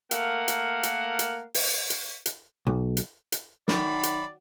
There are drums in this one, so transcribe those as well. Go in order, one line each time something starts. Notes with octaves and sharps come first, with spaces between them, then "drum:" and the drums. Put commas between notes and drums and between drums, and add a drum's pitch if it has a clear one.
A3 A#3 A#4 F5 F#5, drum: hi-hat
drum: hi-hat
drum: hi-hat
drum: hi-hat
drum: open hi-hat
drum: hi-hat
drum: hi-hat
B1
drum: hi-hat
drum: hi-hat
F#2 D#3 D5 B5, drum: snare
drum: hi-hat